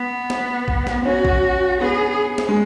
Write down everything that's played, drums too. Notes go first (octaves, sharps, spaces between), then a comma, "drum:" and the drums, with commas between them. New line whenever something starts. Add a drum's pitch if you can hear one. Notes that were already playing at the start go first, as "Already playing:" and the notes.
Already playing: B3
drum: snare
drum: kick A#1
drum: snare
C#4 F#4
drum: kick A#1
B3 G#4
drum: snare
G#3